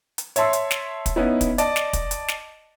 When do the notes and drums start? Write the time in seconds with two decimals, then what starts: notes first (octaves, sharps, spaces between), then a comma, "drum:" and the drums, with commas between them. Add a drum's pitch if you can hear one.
0.18 drum: hi-hat
0.36 C#5 E5 A5 C6 E6, drum: hi-hat
0.53 drum: hi-hat
0.71 drum: snare
1.06 drum: kick, hi-hat
1.16 B3 C#4 D#4 E4
1.41 drum: kick, hi-hat
1.58 D5 D#5 A5, drum: hi-hat
1.76 drum: snare
1.93 drum: kick, hi-hat
2.11 drum: hi-hat
2.28 drum: snare